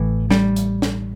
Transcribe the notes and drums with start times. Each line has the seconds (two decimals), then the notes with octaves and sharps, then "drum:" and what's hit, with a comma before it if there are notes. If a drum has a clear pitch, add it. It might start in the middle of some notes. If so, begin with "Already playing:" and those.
Already playing: A1 A2 E3
0.30 G3, drum: snare
0.56 drum: hi-hat
0.82 drum: snare